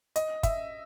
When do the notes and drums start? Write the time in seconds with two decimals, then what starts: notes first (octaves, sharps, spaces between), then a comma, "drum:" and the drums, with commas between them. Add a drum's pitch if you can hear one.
0.16 D#5, drum: hi-hat
0.43 E5, drum: kick, hi-hat